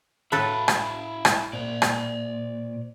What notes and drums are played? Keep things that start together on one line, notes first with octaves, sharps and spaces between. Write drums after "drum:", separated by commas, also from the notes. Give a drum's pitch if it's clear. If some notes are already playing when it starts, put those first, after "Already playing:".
A2 E4 A4 B4 F5 A5 B5
drum: rim click
drum: rim click
A#2 C5 D5
drum: rim click